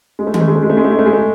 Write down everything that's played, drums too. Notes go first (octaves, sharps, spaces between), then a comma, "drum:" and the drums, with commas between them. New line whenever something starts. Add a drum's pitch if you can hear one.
G#3
A3
G#3, drum: tom D#3
A3
G#3
A3
G#3
A3
G#3
A3
G#3
A3
G#3
A3